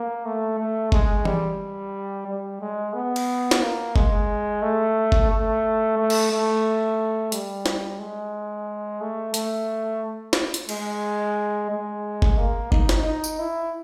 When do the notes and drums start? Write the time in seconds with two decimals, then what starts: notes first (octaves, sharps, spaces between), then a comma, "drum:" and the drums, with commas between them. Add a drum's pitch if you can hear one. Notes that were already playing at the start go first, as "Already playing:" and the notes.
Already playing: A#3
0.25 A3
0.58 A3
0.92 G#3, drum: kick F#1
1.25 G3, drum: tom E3
2.27 G3
2.61 G#3
2.94 B3
3.16 drum: cymbal
3.51 drum: snare
3.62 A#3
3.96 G#3, drum: kick F#1
4.63 A3
5.12 drum: kick F#1
5.31 A3
5.98 A3
6.10 drum: cymbal
6.31 A3
7.32 G3, drum: hi-hat
7.66 drum: snare
7.99 G#3
9.01 A3
9.34 A3, drum: hi-hat
10.33 drum: snare
10.54 drum: hi-hat
10.69 G#3, drum: cymbal
11.70 G#3
12.22 drum: kick F#1
12.38 A#3
12.72 D#4, drum: kick F#1
12.89 drum: snare
13.05 D#4
13.24 drum: tambourine
13.39 E4